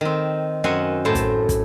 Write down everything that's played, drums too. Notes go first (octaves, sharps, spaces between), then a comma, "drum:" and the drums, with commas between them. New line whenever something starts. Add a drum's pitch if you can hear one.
D#3 C4
F#2 C4 D#5 F#5 G#5 C6
A2 C5 A5
drum: kick, hi-hat
drum: kick, hi-hat